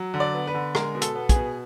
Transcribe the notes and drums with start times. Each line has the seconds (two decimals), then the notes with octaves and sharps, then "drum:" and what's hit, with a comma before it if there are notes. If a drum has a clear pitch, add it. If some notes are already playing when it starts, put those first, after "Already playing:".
Already playing: F#3
0.14 D3
0.20 D5
0.34 B3
0.47 B4
0.55 D3
0.75 G#3 A#4, drum: rim click
0.95 B2
1.02 A4, drum: hi-hat
1.15 B3
1.29 G#4, drum: kick, hi-hat
1.36 B2